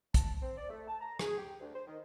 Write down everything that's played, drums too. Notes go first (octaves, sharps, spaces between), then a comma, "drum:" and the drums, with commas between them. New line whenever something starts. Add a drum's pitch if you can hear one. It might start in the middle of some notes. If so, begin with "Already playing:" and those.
A5, drum: kick, hi-hat
C4
D5
A3
A5
A#5
G#4, drum: rim click
G4
D2
C5
D#3